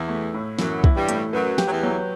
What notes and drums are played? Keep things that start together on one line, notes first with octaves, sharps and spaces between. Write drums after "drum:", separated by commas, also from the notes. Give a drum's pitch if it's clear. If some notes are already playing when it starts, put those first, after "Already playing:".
Already playing: E2 E3 E4
A3
A2
F#2 E3 F#3, drum: snare
E4, drum: kick
G2 G3
A3, drum: hi-hat
F#2 F#3 B4
G4, drum: snare
F#3
E2 E3
F#3